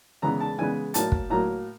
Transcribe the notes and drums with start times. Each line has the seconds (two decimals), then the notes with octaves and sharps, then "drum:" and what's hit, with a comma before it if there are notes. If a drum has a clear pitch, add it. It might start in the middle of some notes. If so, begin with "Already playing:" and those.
0.22 C#3 E3 G#3 B3 A#5
0.40 A5
0.58 C#3 E3 G#3 B3 G#5
0.94 A2 F#3 A#3 A5, drum: hi-hat
1.12 drum: kick
1.30 A2 F#3 A#3 A#5